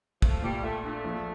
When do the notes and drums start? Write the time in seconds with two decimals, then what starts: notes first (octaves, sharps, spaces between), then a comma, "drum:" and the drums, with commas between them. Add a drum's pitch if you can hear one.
0.22 F3 A3, drum: kick
0.42 A#2 G3
0.63 A3 F4
0.84 A3 D4
1.04 A#1